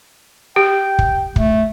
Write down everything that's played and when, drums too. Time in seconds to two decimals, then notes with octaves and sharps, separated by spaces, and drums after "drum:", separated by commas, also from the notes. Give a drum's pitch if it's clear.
0.56 G4 G5
0.99 drum: kick
1.36 A3, drum: kick